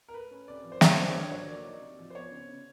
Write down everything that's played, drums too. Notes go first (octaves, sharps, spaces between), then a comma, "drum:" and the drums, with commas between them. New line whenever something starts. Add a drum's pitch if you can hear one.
A#4
A3 B4
C#4
C3 D5
F3
C5
B3 C#5, drum: snare
D4 C5
D5
D3 C#5
F#3 C#5
A#3 D5
D#4
C3
F3
C5
B3 C#5
C#3
C#3